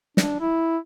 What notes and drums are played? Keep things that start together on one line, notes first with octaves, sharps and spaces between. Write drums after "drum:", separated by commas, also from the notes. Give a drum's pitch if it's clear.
D4, drum: snare
E4